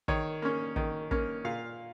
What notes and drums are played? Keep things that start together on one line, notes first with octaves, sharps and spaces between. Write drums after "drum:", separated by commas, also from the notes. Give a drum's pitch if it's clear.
D#3 C#5, drum: kick
A#3 C#4
D#3, drum: kick
A#3 C#4, drum: kick
A#2 F5